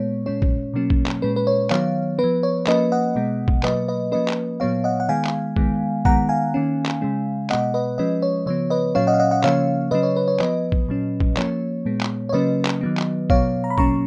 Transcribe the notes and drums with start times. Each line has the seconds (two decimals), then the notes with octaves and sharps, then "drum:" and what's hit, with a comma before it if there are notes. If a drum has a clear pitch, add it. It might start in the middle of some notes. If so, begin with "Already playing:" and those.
Already playing: A#2 G#3 B3 C#5
0.26 A#2 G#3 C#4 C#5
0.42 drum: kick
0.74 B2 F#3 A#3 C#4
0.90 drum: kick
1.06 drum: clap
1.22 A#2 G#3 C#4 B4
1.36 B4
1.47 C#5
1.71 D#3 F#3 B3 C#5 F5, drum: clap
2.18 B3 B4
2.24 F3
2.43 C#5
2.67 F3 A#3 C#4 B4 D#5, drum: clap
2.92 D#5 F#5
3.16 B2 G#3 B3
3.48 drum: kick
3.63 B2 F#3 A#3 B4 D#5, drum: clap
3.88 B4 D#5
4.12 F3 A#3 C#4 B4 D#5
4.28 drum: clap
4.60 A#2 F#3 B3 C#5 F5
4.84 D#5 F#5
5.00 F#5
5.08 D#3 G#3 B3 F5 G#5
5.25 drum: clap
5.56 D#3 G#3 B3, drum: kick
6.05 D#3 G#3 B3 F#5 A#5, drum: kick
6.29 F5 G#5
6.54 D#3 A#3 C#4
6.86 drum: clap
7.01 C#3 G#3 C#4
7.50 B2 G#3 B3 D#5 F#5, drum: clap
7.74 B4 D#5
7.98 F3 G#3 C#4 B4 D#5
8.22 C#5
8.46 C#3 F3 B3 C#5
8.70 B4 D#5
8.95 A#2 F#3 C#4 C#5 F5
9.07 D#5 F#5
9.14 F5
9.20 D#5 F#5
9.31 D#5 F#5
9.44 C#3 F3 A#3 C#4 C#5 F5, drum: clap
9.91 C#3 F#3 C#4 B4 D#5
10.03 C#5
10.16 B4
10.28 C#5
10.40 F3 B3 B4 D#5, drum: clap
10.72 drum: kick
10.88 A#2 F#3 C#4
11.20 drum: kick
11.37 F3 A#3 C#4 C#5, drum: clap
11.85 A#2 G#3 B3
12.01 drum: clap
12.29 C#5
12.33 C#3 F#3 A#3 C#4 B4 D#5
12.65 drum: clap
12.81 D#3 F#3 B3
12.98 drum: clap
13.30 B2 F#3 B3 C#5 F5, drum: kick
13.64 A#5
13.70 B5
13.78 B2 F#3 A#3 C#4 A#5 C#6, drum: kick